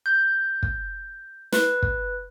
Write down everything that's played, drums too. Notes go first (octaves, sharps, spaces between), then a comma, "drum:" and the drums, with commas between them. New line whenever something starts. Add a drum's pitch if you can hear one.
G6
drum: kick
B4, drum: snare
drum: kick